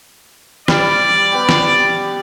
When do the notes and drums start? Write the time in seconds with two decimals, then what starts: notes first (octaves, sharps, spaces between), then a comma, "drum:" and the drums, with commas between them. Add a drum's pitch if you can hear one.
0.68 G3 D5, drum: snare
1.32 B3 G4
1.49 drum: snare